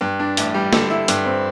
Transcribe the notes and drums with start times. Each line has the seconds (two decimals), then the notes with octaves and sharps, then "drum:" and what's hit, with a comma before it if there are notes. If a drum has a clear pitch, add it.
0.01 G2
0.19 D4
0.37 A1, drum: hi-hat
0.54 G3
0.73 D3, drum: snare
0.90 E4
1.08 G2, drum: hi-hat
1.25 C4